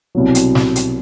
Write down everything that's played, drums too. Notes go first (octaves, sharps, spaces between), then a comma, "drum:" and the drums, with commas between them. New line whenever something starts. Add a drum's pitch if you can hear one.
C2 B2 F#3
drum: hi-hat
drum: snare
drum: hi-hat